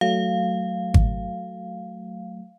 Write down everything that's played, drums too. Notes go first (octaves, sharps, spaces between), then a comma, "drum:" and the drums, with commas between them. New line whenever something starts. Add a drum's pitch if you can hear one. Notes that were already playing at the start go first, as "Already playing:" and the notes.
F#3 A3 F5
drum: kick G#1